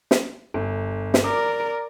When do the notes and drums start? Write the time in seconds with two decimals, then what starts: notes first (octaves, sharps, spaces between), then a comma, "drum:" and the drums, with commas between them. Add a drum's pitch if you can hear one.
0.11 drum: snare
0.54 G1
1.14 drum: snare
1.24 A#4 D5 D6